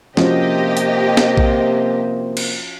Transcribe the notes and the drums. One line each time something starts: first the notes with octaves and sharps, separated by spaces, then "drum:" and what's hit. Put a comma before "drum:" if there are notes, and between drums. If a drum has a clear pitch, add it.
C3 F3 A#3 C#4 F#4 G4 C5 D#5, drum: snare
drum: hi-hat
drum: snare
drum: kick A#1
drum: cymbal